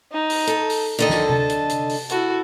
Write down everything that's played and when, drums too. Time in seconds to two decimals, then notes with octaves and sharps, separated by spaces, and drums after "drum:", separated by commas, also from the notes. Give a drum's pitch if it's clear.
0.13 D#4
0.30 drum: open hi-hat
0.47 A4, drum: hi-hat
0.70 drum: open hi-hat
0.99 D3 D#3 A4 D#5
1.10 drum: snare
1.30 A5, drum: tom C3
1.50 drum: hi-hat
1.69 drum: hi-hat
1.89 drum: open hi-hat
2.10 E4 F#4 A4, drum: hi-hat